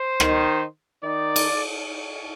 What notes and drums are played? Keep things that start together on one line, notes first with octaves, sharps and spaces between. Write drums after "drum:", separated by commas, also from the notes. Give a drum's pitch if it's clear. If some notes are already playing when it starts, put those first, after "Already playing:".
Already playing: C5
D#3 D#4, drum: rim click
D#3 D#4 D5
drum: cymbal